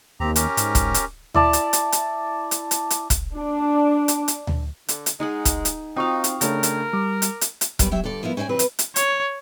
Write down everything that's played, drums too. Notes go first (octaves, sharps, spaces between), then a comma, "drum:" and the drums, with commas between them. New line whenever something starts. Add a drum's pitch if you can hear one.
D#2 C4 G4 A#5
C#4 G4 A#4, drum: hi-hat
G#2, drum: hi-hat
drum: kick, hi-hat
drum: hi-hat
E4 D5 A5, drum: tom D2
drum: hi-hat
drum: hi-hat
drum: hi-hat
drum: hi-hat
drum: hi-hat
drum: hi-hat
drum: kick, hi-hat
D4
drum: hi-hat
drum: hi-hat
drum: tom D2
D3, drum: hi-hat
drum: hi-hat
G#3 D#4 G#4 F#5
drum: kick, hi-hat
drum: hi-hat
C4 D#4 F4 F#4 F5 G5 C#6 D#6
drum: hi-hat
C#3 A3 D4 A#4, drum: hi-hat
drum: hi-hat
G3 D6
drum: hi-hat
drum: hi-hat
drum: hi-hat
F#2 G3 B3 F#4 D5, drum: kick, hi-hat
F#3 G4 E5
G2 D3 A4 D5
F3 A#3 B3 E4
C#4 C5 D5 D#5 G#5
C3 E3 F#3 C4 B4
drum: hi-hat
drum: hi-hat
C#5, drum: hi-hat